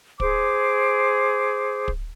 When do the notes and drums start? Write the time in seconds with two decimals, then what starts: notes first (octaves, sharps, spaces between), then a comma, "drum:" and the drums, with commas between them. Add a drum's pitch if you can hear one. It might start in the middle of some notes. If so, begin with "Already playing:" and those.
0.20 G#4 C5 D6, drum: kick
1.88 drum: kick